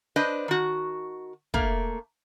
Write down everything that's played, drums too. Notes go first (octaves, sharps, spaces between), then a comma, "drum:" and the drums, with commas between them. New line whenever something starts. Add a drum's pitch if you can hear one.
D4 B4 C5 D#5
D#3 F#4
A3 A#3, drum: kick